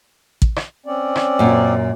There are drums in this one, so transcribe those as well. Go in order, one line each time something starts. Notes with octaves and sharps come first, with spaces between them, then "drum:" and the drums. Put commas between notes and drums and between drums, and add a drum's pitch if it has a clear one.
drum: kick
drum: rim click
C4 C#4 D5
drum: rim click
F#2 A#2